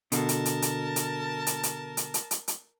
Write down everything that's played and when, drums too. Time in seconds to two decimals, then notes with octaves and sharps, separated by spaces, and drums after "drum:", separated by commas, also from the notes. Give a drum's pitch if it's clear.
0.12 B2 D3 A#4 A5, drum: hi-hat
0.29 drum: hi-hat
0.45 drum: hi-hat
0.62 drum: hi-hat
0.96 drum: hi-hat
1.47 drum: hi-hat
1.63 drum: hi-hat
1.97 drum: hi-hat
2.14 drum: hi-hat
2.31 drum: hi-hat
2.48 drum: hi-hat